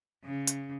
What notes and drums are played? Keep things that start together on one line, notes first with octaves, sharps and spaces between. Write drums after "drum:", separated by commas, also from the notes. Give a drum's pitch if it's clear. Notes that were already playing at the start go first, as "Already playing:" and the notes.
C#3
drum: hi-hat